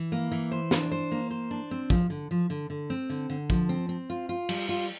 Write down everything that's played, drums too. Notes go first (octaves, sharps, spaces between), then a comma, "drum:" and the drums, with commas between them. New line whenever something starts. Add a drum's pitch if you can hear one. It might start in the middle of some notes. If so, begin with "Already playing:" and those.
Already playing: E3
A#3
E3
C5
D4, drum: snare
C5
A#3
C5
D4
C4
F3, drum: kick
D3
F3
D3
D3
C4
D3
D3
F3, drum: kick
C4
C4
F4
F4
G3, drum: cymbal
F4